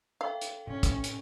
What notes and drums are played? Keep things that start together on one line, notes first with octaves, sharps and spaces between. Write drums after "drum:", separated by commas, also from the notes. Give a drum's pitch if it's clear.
A4 E5 F5 G5
drum: hi-hat
A2 C3 C#4
drum: kick, hi-hat
drum: hi-hat